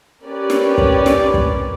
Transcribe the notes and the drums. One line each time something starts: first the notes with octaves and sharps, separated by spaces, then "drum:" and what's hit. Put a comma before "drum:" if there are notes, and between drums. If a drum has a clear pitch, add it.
C#4 G4 A#4 B4 C#5 D5
drum: snare
drum: kick
drum: snare
drum: kick